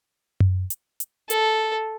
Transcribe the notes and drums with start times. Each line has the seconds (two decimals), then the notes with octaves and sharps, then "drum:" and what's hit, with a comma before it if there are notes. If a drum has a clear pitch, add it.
0.40 drum: tom F#2
0.70 drum: hi-hat
1.00 drum: hi-hat
1.30 A4, drum: hi-hat